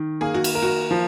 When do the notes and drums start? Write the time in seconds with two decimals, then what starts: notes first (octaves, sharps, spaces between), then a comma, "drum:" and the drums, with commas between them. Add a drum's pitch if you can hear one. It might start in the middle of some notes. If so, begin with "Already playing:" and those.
Already playing: D#3
0.21 A#3 G#4
0.34 F#4
0.44 drum: cymbal
0.55 A#4
0.63 F#4
0.91 F3